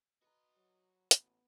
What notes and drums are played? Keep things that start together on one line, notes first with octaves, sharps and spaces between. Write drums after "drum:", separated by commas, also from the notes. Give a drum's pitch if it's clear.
F#4 B4 D#5 A#5 C6
F#3
A1 B3 A#5 D#6, drum: hi-hat